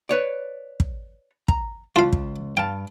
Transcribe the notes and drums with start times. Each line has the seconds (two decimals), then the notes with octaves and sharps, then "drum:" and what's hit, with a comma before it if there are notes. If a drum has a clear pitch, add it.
0.09 B4 C#5 D5
0.80 drum: kick
1.48 A#5, drum: kick
1.96 C#2 F4 F5 A5
2.13 drum: kick
2.57 G2 F5 G5 A5